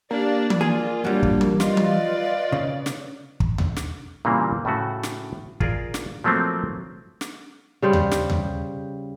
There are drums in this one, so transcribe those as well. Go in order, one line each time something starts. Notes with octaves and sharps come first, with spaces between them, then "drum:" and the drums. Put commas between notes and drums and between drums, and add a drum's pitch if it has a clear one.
A#3 D4 G4 D5
drum: tom E3
A#3 F4 G#4 D5
F#3 G3 D4
drum: kick
drum: tom E3
F4 B4 D5 D#5, drum: snare
drum: tom E3
C#3
drum: snare
drum: kick
drum: tom D#2
drum: snare
A#2 C#3 E3 G3 A#3 C4
A2 C#3 A3 F#4
drum: snare
F4 G#4 A#4 D5, drum: kick
drum: snare
F3 F#3 A3 A#3 C4
drum: snare
C#3 G3 C5
drum: tom D#2
drum: snare
drum: tom D#2